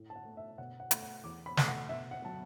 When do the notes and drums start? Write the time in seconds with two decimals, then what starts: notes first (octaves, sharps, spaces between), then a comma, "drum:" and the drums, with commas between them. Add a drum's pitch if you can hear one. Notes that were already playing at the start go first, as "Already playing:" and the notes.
Already playing: A2
0.10 A5
0.16 F#5
0.25 A3
0.37 E5
0.58 B2 F#5
0.80 F#5
0.91 A3, drum: hi-hat
1.03 F#5
1.24 E2 D6
1.46 B5
1.57 B2 A3, drum: snare
1.68 F#5
1.89 B2 E5
2.11 F#5
2.22 F#3 B3 A5